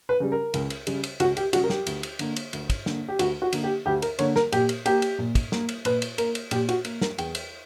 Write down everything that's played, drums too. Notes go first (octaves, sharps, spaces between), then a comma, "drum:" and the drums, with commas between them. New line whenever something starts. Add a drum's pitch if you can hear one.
B4
C#3 G3
A#4
C#2, drum: cymbal
drum: cymbal
C#3 G3, drum: cymbal
drum: cymbal
C#2 F#4, drum: cymbal
G4, drum: cymbal
C#3 G3 F#4, drum: cymbal
A#4
G4, drum: snare
D2, drum: cymbal
drum: cymbal
D3 A#3, drum: cymbal
drum: cymbal
D2, drum: cymbal
drum: kick, cymbal
D3 A#3, drum: snare
G4
D2 F#4, drum: cymbal
F#4
D3 A#3, drum: cymbal
G4
D2 G4
A#4, drum: cymbal
D3 A#3 C#5, drum: cymbal
A#4, drum: snare
A#2 G4, drum: cymbal
drum: cymbal
A#3 G4, drum: cymbal
drum: cymbal
A#2
drum: kick, cymbal
A#3, drum: snare
drum: cymbal
A#2 B4, drum: cymbal
drum: cymbal
A#3 A#4, drum: cymbal
drum: cymbal
A#2 G4, drum: cymbal
F#4, drum: cymbal
A#3, drum: cymbal
A#4, drum: snare
E2 G5, drum: cymbal
drum: cymbal